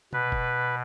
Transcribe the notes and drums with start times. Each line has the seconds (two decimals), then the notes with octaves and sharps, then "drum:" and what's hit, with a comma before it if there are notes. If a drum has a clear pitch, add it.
0.13 B2 B4, drum: tom C3
0.32 drum: kick